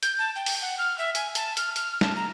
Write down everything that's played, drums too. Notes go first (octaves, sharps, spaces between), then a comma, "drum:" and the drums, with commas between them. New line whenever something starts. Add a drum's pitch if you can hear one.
G6, drum: hi-hat
A5
G5
drum: open hi-hat
F#5
F6
E5
G#5, drum: hi-hat
A5, drum: hi-hat
F6, drum: hi-hat
F6, drum: hi-hat
A5, drum: snare
A#5